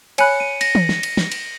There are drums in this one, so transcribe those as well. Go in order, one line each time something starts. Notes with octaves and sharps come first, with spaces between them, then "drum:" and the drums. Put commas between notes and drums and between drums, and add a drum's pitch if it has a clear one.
C#5 G#5 B5 F#6 C#7, drum: cymbal
D#7
A#6, drum: cymbal
drum: tom
drum: snare
drum: cymbal
drum: snare
drum: cymbal